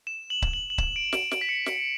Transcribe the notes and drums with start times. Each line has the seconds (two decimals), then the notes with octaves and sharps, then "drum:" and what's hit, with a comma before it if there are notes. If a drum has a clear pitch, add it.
0.07 E7
0.30 F#7
0.42 drum: kick C#1
0.54 F#7
0.70 F#7
0.78 E7, drum: kick C#1
0.96 D7
1.13 D7, drum: snare
1.31 D7, drum: snare
1.41 B6
1.49 C#7
1.66 drum: snare